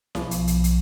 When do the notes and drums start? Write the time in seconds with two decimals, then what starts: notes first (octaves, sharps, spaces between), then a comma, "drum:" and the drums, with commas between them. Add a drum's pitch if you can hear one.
0.15 B1 F3, drum: snare E4
0.31 drum: hi-hat
0.47 drum: hi-hat
0.64 drum: hi-hat